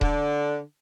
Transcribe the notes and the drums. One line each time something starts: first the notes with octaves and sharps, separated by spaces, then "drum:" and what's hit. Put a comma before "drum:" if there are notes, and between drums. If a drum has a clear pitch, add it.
D3, drum: kick D#1